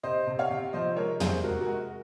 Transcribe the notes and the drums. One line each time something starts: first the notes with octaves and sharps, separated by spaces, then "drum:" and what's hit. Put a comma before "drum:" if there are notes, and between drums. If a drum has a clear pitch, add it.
C3 C5 D#5
C3
C#5 F5
C3
F3 C5 D#5
G#3 A#4 C#5
C3 G#4 C5, drum: tom
G#3 F#4 A#4
F#4 A#4
G#3